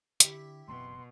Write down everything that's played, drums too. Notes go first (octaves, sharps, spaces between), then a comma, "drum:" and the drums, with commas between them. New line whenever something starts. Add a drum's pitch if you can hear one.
D3 E4 G4 E5, drum: hi-hat
F#1 B2 E3 C4 C6